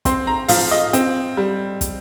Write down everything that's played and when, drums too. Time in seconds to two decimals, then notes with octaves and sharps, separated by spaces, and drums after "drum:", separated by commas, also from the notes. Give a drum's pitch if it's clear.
0.05 C4 C6, drum: kick, hi-hat
0.27 A#5
0.48 F3 F5, drum: open hi-hat
0.71 D#5
0.93 C4, drum: hi-hat
1.37 G3
1.81 drum: kick, hi-hat